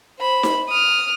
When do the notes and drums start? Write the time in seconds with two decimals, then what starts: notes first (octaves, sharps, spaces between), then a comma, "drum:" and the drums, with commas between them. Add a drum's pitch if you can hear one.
0.19 C5 B5
0.43 drum: snare D#4
0.69 D#6 F6